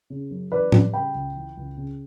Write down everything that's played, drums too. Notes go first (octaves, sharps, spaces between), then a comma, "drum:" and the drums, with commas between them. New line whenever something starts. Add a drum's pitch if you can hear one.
C#3
F#2
E3 B4 D5
G3, drum: tom
C#3 G5 B5
C#2
E3
C#2
C#3